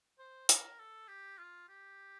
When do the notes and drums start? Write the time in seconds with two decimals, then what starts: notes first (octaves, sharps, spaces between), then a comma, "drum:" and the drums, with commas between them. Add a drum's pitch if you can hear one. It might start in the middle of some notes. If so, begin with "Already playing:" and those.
0.19 C5
0.49 A#4, drum: hi-hat
0.79 A4
1.08 G4
1.38 F4
1.69 G4